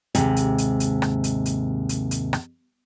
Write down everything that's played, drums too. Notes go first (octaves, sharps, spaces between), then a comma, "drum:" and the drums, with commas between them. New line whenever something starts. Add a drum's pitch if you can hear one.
D#2 G#2 C3, drum: hi-hat
drum: hi-hat
drum: hi-hat
drum: hi-hat
drum: rim click
drum: hi-hat
drum: hi-hat
drum: hi-hat
drum: hi-hat
drum: rim click